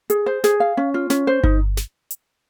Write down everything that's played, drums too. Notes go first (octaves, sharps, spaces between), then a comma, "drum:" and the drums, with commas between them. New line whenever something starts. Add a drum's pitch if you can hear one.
G#4, drum: hi-hat
C5
G#4, drum: snare
F5
C#4
F4
C#4, drum: snare
C5
D#4, drum: kick G1
drum: snare
drum: hi-hat